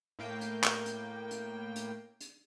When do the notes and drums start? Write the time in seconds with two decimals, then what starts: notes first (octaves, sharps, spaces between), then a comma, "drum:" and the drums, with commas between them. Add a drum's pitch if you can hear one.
0.19 A2 A#3 G5
0.41 drum: hi-hat
0.64 drum: clap
0.86 drum: hi-hat
1.31 drum: hi-hat
1.76 drum: hi-hat
2.21 drum: hi-hat